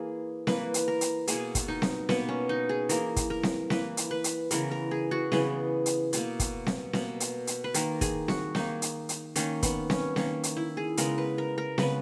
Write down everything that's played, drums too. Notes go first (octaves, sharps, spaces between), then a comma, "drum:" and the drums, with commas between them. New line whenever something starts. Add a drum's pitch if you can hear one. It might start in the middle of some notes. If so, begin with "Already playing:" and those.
Already playing: E3 A#3 G#4
E3 A#3 B4, drum: snare C4
drum: hi-hat
A#4
drum: hi-hat
B2 A#3 G#4, drum: hi-hat
drum: kick, hi-hat
D#4
drum: snare C4
B2 A#3 B3, drum: snare C4
C#4
D#4
G#4
E3 A#3 A#4, drum: hi-hat
drum: kick, hi-hat
A#4
drum: snare C4
E3 A#3 B4, drum: snare C4
drum: hi-hat
B4
drum: hi-hat
C#3 E3 B3 A#4, drum: hi-hat
A#4
G#4
F#4
C#3 E3 B3 G#4, drum: snare C4
drum: hi-hat
B2 A#3, drum: hi-hat
drum: kick, hi-hat
drum: snare C4
B2 A#3, drum: snare C4
drum: hi-hat
drum: hi-hat
B4
D#3 A#3 A#4, drum: hi-hat
G#4, drum: kick, hi-hat
F#4, drum: snare C4
D#3 A#3 D#4, drum: snare C4
drum: hi-hat
drum: hi-hat
D#3 A#3 C#4, drum: hi-hat
B3, drum: kick, hi-hat
C#4, drum: snare C4
D#3 A#3 C#4, drum: snare C4
drum: hi-hat
E4
G#4
C#3 G#3 B3 A#4, drum: hi-hat
B4
A#4
A#4
C#3 G#3 B3 B4, drum: snare C4